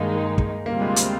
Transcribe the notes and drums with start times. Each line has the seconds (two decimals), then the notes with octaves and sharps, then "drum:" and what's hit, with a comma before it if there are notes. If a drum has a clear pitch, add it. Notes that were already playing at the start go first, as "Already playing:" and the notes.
Already playing: G2 D#3 G#3 A#3 D#4
0.38 drum: kick
0.66 D2 C3 G3 A#3 C4 F4
0.81 G#3
0.96 drum: hi-hat